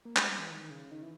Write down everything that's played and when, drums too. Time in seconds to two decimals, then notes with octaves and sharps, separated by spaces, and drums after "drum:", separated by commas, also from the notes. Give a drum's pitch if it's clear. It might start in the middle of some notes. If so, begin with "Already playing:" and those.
0.05 A#3
0.16 G#3, drum: clap
0.28 G3
0.39 E3
0.51 D#3
0.70 C#3
0.91 D#3
1.02 E3